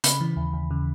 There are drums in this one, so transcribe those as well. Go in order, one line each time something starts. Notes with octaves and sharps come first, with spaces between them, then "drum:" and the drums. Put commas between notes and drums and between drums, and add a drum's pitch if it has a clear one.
C#3 B5, drum: hi-hat
E3
D#2
D#2
C#3